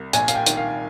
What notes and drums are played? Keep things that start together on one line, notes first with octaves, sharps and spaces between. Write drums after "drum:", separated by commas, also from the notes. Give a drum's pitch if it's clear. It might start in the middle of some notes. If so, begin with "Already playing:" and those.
Already playing: C2
A#1 G#5, drum: hi-hat
F5, drum: hi-hat
G5
D#3, drum: hi-hat
F5